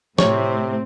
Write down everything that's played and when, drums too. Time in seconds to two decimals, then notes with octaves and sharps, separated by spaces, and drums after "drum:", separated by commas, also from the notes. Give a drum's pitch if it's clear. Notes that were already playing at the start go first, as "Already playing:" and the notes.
0.18 A2 C3 C4 C#5, drum: snare